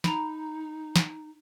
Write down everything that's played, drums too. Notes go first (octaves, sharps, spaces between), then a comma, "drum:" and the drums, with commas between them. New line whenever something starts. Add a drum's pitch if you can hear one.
D#4 A#5 B5, drum: snare
drum: snare